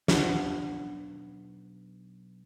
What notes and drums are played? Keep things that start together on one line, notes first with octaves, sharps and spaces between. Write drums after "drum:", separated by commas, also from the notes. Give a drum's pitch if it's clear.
B1 D4 F#5, drum: snare